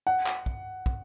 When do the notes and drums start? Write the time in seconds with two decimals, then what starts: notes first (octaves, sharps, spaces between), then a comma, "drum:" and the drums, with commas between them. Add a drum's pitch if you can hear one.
0.07 F#5
0.26 drum: clap
0.46 drum: kick
0.86 drum: kick